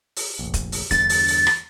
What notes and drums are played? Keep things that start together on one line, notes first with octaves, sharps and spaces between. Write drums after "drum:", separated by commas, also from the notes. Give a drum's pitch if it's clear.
drum: open hi-hat
F1 A#1
drum: kick, hi-hat
drum: open hi-hat
E2 G2 D3 A6, drum: kick, hi-hat
drum: open hi-hat
drum: open hi-hat
drum: rim click